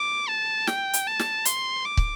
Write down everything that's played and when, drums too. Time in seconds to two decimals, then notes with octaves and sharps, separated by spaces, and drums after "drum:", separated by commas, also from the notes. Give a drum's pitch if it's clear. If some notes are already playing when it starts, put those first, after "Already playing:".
Already playing: D6
0.29 A5
0.67 G5, drum: snare
0.93 drum: hi-hat
1.07 A5
1.19 drum: snare
1.45 C6, drum: hi-hat
1.85 D6
1.97 drum: kick